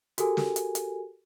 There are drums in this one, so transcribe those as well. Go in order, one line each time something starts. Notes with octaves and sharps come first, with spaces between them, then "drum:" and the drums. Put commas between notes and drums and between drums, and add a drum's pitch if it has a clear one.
F#4 G4 A4 A#4 G#5, drum: hi-hat
drum: snare
drum: hi-hat
drum: hi-hat